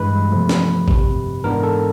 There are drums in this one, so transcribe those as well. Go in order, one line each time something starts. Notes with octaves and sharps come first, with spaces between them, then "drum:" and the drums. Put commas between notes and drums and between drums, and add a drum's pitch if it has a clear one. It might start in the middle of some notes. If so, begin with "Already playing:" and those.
Already playing: G2 E3 G#3 B4
E2 C3 F3 A3
drum: snare
G1 F2 C3, drum: kick G#1
G#2 E3 G#3 B3 D4 A#4
A4